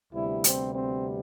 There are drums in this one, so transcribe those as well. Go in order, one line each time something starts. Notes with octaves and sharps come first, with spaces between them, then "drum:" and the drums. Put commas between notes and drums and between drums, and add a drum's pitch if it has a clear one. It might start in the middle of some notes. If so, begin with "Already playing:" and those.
D2 C3 G3 B3 E4
C4, drum: hi-hat
C4